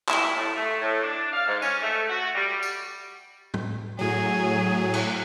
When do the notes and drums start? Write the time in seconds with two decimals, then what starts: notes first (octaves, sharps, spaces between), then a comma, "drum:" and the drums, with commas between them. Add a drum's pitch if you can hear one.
0.09 E4, drum: clap
0.37 A2
0.56 A3
0.81 A2
1.03 D4
1.34 F5
1.47 G#2
1.62 C#4, drum: tambourine
1.83 A3
2.10 F#4
2.35 G3
2.63 drum: tambourine
3.54 drum: tom
3.99 A2 F#3 G#4
4.94 drum: cymbal